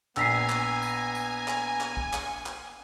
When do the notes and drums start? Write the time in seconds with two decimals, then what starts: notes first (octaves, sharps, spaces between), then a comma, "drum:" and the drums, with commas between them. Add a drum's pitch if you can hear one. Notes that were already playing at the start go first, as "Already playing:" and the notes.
0.17 A#1 B3 G#5 A#5 E6 B6 C7, drum: clap
0.49 drum: clap
0.82 drum: tambourine
1.15 drum: tambourine
1.48 drum: clap
1.81 drum: clap
1.97 drum: kick
2.13 drum: clap
2.46 drum: clap